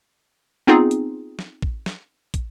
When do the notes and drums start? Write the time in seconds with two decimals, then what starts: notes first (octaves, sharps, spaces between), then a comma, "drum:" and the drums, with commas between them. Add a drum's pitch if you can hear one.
0.67 B3 C4 D#4 F4 G#4
0.91 drum: hi-hat
1.39 drum: snare
1.62 drum: kick
1.86 drum: snare
2.34 drum: kick, hi-hat